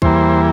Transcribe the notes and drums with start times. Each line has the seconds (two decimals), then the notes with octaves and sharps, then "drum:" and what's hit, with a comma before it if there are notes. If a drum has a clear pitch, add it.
0.02 E2 E3 G3 A#3 C5, drum: kick